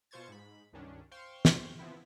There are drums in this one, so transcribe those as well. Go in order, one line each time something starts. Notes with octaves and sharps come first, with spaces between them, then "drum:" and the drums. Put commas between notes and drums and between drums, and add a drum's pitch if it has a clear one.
B2 F4 C5 C#6 G#6 A6
G#2 B5
C#2 G2 D#3 C#4 D4
C5 F5 G5 C6 C#6
drum: snare
F3 B3 C4 E4